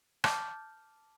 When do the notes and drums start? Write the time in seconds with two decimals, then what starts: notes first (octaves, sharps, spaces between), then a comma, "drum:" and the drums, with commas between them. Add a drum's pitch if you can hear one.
0.24 A5 D6 F6 G6, drum: rim click